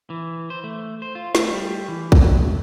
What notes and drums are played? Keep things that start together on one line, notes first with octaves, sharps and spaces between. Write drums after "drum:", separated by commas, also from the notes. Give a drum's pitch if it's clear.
E3
C5
A3
C5
F4
A3, drum: snare
G3
E3
drum: kick
A3